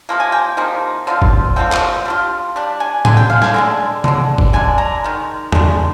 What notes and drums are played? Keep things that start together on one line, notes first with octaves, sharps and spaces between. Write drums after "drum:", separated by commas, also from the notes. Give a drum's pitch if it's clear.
C3 F3 A#3
G#5
G5
C3 F3 A#3 D#4
D3 F3 C4 F4
drum: kick
D3 F3 C4 F4 G5
drum: clap
G3 D4 F4
G3 D4
G#5
D3 G#3 D4 G#5, drum: tom A2
G5
F5
G#5, drum: snare
D3 G#3 D4
D3 G#3 D4, drum: tom C3
drum: kick
D3 G#3 D4 G#5
A#5
D#3 G#3
D#3 G#3 D4, drum: tom E2